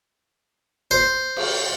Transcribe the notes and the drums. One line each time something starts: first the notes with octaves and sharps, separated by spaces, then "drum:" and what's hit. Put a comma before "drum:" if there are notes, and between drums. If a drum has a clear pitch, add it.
C5
drum: cymbal